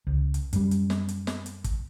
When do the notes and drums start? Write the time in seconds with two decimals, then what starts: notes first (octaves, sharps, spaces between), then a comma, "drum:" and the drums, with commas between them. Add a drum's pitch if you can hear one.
0.07 C#2
0.34 drum: hi-hat
0.53 F#2 G3, drum: hi-hat
0.71 drum: hi-hat
0.90 drum: snare
1.09 drum: hi-hat
1.27 drum: snare
1.46 drum: hi-hat
1.64 drum: kick, hi-hat